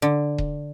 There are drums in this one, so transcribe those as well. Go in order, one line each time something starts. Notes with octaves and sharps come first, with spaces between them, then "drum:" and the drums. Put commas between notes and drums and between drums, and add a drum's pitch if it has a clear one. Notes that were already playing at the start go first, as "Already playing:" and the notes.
D3
drum: kick D#1